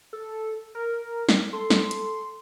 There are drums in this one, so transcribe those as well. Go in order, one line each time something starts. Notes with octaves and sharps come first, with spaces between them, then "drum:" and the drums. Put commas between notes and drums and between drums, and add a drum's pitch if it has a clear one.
A4
A#4
drum: snare
A4 C6
drum: snare
drum: hi-hat